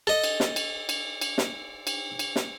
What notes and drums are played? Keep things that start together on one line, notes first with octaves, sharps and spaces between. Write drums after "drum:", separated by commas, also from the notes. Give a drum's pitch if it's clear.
A4 D#5
drum: cymbal
drum: snare
drum: cymbal
drum: cymbal
drum: cymbal
drum: snare
drum: cymbal
drum: cymbal
drum: snare